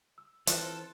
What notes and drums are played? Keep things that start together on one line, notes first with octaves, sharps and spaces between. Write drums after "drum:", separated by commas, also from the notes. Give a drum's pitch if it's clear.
E6
E3 C4 E4 F4 A4 F#6, drum: hi-hat